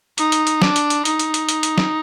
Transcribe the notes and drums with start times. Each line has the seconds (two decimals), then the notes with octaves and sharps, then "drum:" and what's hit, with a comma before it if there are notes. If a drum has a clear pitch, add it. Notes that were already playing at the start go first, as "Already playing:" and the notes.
0.18 D#4, drum: hi-hat
0.32 drum: hi-hat
0.47 drum: hi-hat
0.62 D4, drum: snare
0.76 drum: hi-hat
0.90 drum: hi-hat
1.05 D#4, drum: hi-hat
1.19 drum: hi-hat
1.34 drum: hi-hat
1.49 drum: hi-hat
1.63 drum: hi-hat
1.78 drum: snare